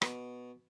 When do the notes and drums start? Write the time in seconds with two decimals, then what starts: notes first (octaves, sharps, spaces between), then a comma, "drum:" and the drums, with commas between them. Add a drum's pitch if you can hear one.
0.02 B2, drum: rim click